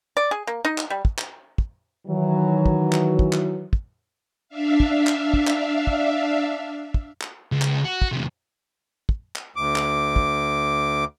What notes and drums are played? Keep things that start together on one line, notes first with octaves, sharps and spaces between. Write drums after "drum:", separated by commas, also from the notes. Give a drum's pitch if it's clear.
D5
G#4
A#3
D#4
drum: clap
G3
drum: kick
drum: clap
drum: kick
D#3 E3 F#3
drum: kick
drum: clap
drum: kick
drum: clap
drum: kick
D4 E5 F5
drum: kick
drum: clap
drum: kick
drum: clap
drum: kick
drum: kick
drum: clap
C#2
drum: clap
F#4
drum: kick
E2 C3
drum: kick
drum: clap
D2 D6
drum: clap
drum: kick